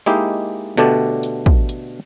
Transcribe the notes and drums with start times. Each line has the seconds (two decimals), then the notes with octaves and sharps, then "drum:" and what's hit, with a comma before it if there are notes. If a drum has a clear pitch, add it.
0.06 G#3 A#3 D#4 E4 G4
0.77 B2 D3 A3 D4 G4 D5, drum: hi-hat
1.23 drum: hi-hat
1.46 drum: kick
1.69 drum: hi-hat